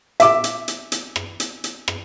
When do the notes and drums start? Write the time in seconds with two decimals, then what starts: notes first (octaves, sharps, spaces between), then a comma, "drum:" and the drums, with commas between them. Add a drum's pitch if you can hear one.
0.20 E5 D6, drum: hi-hat
0.44 drum: hi-hat
0.68 drum: hi-hat
0.92 drum: hi-hat
1.16 drum: rim click
1.40 drum: hi-hat
1.64 drum: hi-hat
1.88 drum: rim click